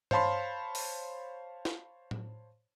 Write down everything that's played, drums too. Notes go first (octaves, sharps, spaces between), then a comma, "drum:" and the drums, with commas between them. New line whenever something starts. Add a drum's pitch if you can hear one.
C5 C#5 F5 A5 B5 C6, drum: tom G2
drum: open hi-hat
drum: snare
drum: tom A2